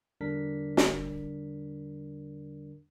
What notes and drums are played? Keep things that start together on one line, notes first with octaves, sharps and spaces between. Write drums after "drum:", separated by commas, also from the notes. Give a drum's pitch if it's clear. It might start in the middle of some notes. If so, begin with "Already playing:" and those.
E2 D3 G3 D4 A#4 B6
drum: snare